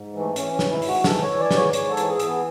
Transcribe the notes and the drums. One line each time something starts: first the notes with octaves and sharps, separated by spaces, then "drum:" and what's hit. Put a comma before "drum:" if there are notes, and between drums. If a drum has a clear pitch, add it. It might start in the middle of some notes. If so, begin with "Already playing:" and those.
Already playing: G#2
E3
A3
E3 C#4, drum: hi-hat
C#4
G#2, drum: snare
E4
G#2, drum: open hi-hat
F#4
E3 A4, drum: snare
E3 C#5
D5
G#2, drum: snare
C#5
G#2 C#5, drum: hi-hat
A4
E3, drum: hi-hat
G#4
E3, drum: hi-hat
B3